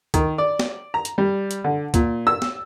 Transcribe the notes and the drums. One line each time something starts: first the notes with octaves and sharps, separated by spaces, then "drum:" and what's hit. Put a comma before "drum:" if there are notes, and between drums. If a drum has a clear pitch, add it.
D#3, drum: kick C#2, hi-hat
D5
drum: snare
A#5
drum: hi-hat
G3
drum: hi-hat
D3
A#2, drum: kick C#2, hi-hat
E6
drum: snare